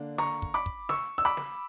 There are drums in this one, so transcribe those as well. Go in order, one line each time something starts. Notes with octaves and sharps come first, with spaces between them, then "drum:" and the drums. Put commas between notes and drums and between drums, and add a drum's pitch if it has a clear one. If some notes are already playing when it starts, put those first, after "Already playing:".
Already playing: D3 A#3 D4
A#5 C#6, drum: snare
drum: kick
B5 D6
drum: kick
C#6 E6, drum: snare
E6
B5 D6
drum: snare